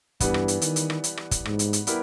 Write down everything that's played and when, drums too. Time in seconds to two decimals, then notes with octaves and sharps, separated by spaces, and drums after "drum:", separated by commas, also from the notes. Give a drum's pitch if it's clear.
0.20 G2 E3 G3 B3, drum: kick, hi-hat
0.34 drum: rim click
0.48 drum: hi-hat
0.61 D#3, drum: hi-hat
0.76 drum: hi-hat
0.90 drum: rim click
1.04 drum: hi-hat
1.17 drum: rim click
1.31 drum: kick, hi-hat
1.45 G#2, drum: rim click
1.59 drum: hi-hat
1.73 drum: hi-hat
1.87 G3 B3 E4 G4 A#4, drum: hi-hat